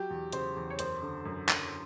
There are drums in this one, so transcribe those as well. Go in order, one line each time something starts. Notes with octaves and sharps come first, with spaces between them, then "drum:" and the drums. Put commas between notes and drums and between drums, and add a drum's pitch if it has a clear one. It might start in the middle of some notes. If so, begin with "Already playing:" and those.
Already playing: F#3 G4
E2
C#3 C5, drum: hi-hat
E2
C#5
F#2 C5, drum: hi-hat
D3
F#2
F#2, drum: clap